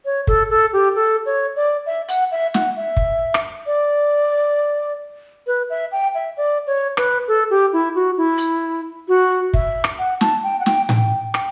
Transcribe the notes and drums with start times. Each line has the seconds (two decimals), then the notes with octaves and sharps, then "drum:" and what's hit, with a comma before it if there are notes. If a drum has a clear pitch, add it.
0.05 C#5
0.27 A4, drum: kick
0.50 A4
0.73 G4
0.96 A4
1.26 C#5
1.56 D5
1.86 E5
2.08 F#5, drum: hi-hat
2.31 E5
2.54 F#5, drum: snare
2.76 E5
2.97 drum: kick
3.34 drum: rim click
3.66 D5
5.47 B4
5.70 E5
5.92 G5
6.15 E5
6.37 D5
6.67 C#5
6.97 B4, drum: rim click
7.28 A4
7.50 G4
7.73 E4
7.95 F#4
8.18 E4
8.38 drum: hi-hat
9.08 F#4
9.54 E5, drum: kick
9.84 drum: rim click
9.99 F#5
10.21 A5, drum: snare
10.44 G5
10.60 F#5
10.66 G5, drum: snare
10.89 G5, drum: tom A2
11.34 G5, drum: rim click